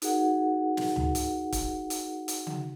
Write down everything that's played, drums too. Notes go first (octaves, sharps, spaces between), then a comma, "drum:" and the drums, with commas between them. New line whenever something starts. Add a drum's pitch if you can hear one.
D#4 F#4 G#4 A#4 F#5, drum: hi-hat
drum: snare
drum: tom C#2
drum: hi-hat
drum: kick, hi-hat
drum: hi-hat
drum: hi-hat
drum: tom C#3